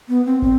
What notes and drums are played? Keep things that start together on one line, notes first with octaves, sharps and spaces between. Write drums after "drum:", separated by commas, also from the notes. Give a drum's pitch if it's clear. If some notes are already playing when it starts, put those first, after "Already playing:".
B3
C4
C4, drum: kick